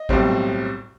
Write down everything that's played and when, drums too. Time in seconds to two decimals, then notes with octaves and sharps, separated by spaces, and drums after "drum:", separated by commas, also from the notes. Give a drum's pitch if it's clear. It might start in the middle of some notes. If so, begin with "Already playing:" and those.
Already playing: D#5
0.09 B1 A2 G3 C4, drum: kick